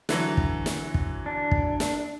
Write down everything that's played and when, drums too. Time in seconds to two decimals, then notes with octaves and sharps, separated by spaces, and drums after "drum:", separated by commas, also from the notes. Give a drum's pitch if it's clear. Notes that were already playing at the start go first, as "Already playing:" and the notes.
0.09 D3 E3 F#3, drum: snare
0.37 drum: kick
0.66 drum: snare
0.94 drum: kick
1.26 D4
1.51 drum: kick
1.80 drum: snare